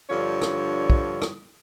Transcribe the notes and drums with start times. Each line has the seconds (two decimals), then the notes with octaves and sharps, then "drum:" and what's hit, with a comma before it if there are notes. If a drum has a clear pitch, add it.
0.10 G2 D3 F3 F4 C#5
0.42 drum: rim click
0.90 drum: kick
1.22 drum: rim click